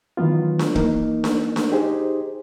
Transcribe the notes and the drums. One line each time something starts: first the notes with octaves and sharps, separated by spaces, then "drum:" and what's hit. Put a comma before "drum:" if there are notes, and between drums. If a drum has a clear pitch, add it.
D#3 E3 F#3 B3 F4
drum: snare D4
E3 A#3 D#4 A#4, drum: kick
drum: snare D4
drum: snare D4
D#4 G4 G#4 C5